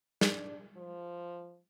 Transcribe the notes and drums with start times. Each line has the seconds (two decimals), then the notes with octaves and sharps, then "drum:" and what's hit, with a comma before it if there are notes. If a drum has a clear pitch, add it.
0.21 D4, drum: snare
0.77 F3